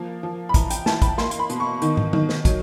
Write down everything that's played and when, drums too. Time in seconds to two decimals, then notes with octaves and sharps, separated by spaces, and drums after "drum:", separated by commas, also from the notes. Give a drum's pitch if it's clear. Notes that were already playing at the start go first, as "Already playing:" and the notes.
Already playing: F3 A#3
0.23 F3
0.49 B5
0.54 E3 A#5, drum: kick, hi-hat
0.70 G5, drum: hi-hat
0.86 E3 A5, drum: snare
1.02 B5, drum: kick, hi-hat
1.18 A#3 C6, drum: snare
1.31 C6, drum: hi-hat
1.39 B5
1.50 B2, drum: hi-hat
1.60 C#6
1.82 D#3, drum: hi-hat
1.97 drum: tom
2.13 D#3, drum: tom
2.29 drum: snare
2.45 F#3, drum: kick, hi-hat